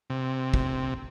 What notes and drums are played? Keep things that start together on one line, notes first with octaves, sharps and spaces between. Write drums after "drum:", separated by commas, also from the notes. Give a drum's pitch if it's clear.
C3
drum: kick